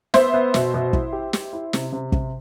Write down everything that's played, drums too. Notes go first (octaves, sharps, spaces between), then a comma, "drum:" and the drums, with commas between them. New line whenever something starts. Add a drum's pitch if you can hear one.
B3 C5 E5, drum: snare
B3
B2, drum: snare
B2
E4, drum: kick
G4
G4, drum: snare
E4
C3, drum: snare
C3
C3, drum: kick